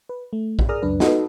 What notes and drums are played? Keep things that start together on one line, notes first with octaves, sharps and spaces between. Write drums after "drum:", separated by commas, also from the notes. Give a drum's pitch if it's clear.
B4
A3
drum: kick A#1
G#4 A#4 D5 A#5 D#6 F6
C#2 F#2 D4 B4
D#4 F#4 A4 B4 D#5, drum: snare